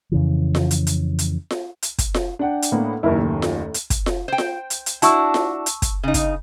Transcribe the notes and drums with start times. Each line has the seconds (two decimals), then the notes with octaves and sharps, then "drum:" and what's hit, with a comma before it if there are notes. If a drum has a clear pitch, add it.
0.12 F2 C#3 E3
0.55 drum: snare F4
0.71 drum: hi-hat
0.87 drum: hi-hat
1.19 drum: hi-hat
1.51 drum: snare F4
1.82 drum: hi-hat
1.98 drum: kick, hi-hat
2.14 drum: snare F4
2.39 D4 F#5 G5
2.62 drum: hi-hat
2.72 A2 A#3 B3
3.03 F#1 D#2 E4 A#4
3.19 A2
3.42 drum: snare F4
3.74 drum: hi-hat
3.90 drum: kick, hi-hat
4.06 drum: snare F4
4.28 C5 G5
4.38 drum: snare F4
4.70 drum: hi-hat
4.86 drum: hi-hat
5.02 D4 E4 F#4 A5 C#6 E6, drum: hi-hat
5.34 drum: snare F4
5.66 drum: hi-hat
5.82 drum: kick, hi-hat
6.03 C#3 D#4
6.14 drum: kick, hi-hat